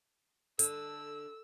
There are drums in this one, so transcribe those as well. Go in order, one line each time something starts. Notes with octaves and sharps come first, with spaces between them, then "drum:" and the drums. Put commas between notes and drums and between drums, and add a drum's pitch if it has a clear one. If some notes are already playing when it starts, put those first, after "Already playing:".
D3 A4 E6, drum: hi-hat